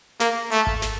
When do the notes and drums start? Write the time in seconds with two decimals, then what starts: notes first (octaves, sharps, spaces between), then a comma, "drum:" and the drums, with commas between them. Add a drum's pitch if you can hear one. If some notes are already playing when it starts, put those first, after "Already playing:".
0.20 A#3, drum: snare
0.51 A3, drum: hi-hat
0.67 drum: kick G#1
0.82 drum: snare